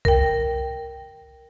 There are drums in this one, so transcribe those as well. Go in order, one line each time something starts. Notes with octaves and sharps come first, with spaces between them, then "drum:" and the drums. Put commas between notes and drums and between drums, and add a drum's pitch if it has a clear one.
A#4 G5, drum: kick B1